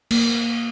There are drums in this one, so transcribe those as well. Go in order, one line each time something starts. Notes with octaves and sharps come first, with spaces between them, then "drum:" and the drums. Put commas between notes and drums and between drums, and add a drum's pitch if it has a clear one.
A#3, drum: cymbal